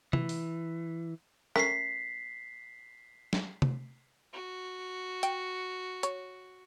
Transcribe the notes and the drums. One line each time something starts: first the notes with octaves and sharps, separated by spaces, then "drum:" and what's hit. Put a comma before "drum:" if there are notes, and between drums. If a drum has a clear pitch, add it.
E3, drum: tom C3
drum: open hi-hat
A3 C#4 A#4 B6 C7, drum: rim click
drum: snare
drum: tom C3
F#4
G5, drum: hi-hat
C#5, drum: hi-hat